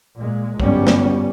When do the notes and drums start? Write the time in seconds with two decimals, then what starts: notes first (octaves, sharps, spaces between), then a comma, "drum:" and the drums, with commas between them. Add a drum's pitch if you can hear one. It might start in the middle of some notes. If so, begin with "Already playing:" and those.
0.18 A#2 G#3
0.60 G1 G#2 F#3 G3 B3 C#4, drum: kick
0.87 drum: snare